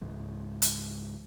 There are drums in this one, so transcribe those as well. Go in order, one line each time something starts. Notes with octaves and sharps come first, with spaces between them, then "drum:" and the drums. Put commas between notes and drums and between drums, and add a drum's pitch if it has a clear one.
C#2 G#2 E3 G#3
drum: hi-hat